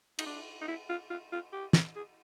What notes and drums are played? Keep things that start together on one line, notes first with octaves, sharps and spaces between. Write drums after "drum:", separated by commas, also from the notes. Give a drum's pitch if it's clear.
D#4, drum: cymbal
D4
D#4
E4
F4
F4
F4
G4
drum: snare
G#4